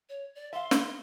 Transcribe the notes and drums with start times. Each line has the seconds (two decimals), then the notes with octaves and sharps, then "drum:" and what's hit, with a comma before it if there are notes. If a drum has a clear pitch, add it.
0.09 C#5
0.35 D5
0.53 E5 F5 C6
0.71 drum: snare